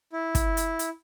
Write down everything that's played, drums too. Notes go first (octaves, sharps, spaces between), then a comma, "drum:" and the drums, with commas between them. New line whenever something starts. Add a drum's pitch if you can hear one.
E4
drum: kick, hi-hat
drum: hi-hat
drum: hi-hat